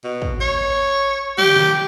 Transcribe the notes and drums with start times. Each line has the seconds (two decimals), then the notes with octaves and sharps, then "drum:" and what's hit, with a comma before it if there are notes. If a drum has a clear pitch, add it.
0.04 B2
0.22 drum: kick
0.41 C#5
1.38 G4, drum: tom
1.56 drum: snare